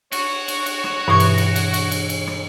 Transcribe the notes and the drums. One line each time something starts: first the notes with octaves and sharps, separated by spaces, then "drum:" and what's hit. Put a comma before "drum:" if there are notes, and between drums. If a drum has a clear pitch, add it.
F#4 C#5, drum: cymbal
drum: cymbal
drum: cymbal
drum: rim click
G2 B2 E3 C#6 G#6
drum: cymbal
drum: cymbal
drum: cymbal
drum: cymbal
drum: cymbal
drum: cymbal
drum: rim click